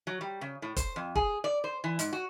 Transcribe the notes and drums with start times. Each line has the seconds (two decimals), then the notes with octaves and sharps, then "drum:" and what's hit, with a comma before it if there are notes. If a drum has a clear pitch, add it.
0.07 F#3
0.21 G3
0.41 C#3
0.62 A2
0.77 C5, drum: kick, hi-hat
0.96 F2
1.15 G#4, drum: kick
1.44 D5
1.64 C5
1.84 E3
1.99 G#2, drum: hi-hat
2.13 F#4